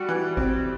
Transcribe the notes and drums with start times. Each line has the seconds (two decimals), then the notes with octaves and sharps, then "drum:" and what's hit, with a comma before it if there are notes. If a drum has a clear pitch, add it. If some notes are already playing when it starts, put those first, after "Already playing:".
Already playing: G3 F#4
0.09 E3
0.37 C4, drum: kick G#1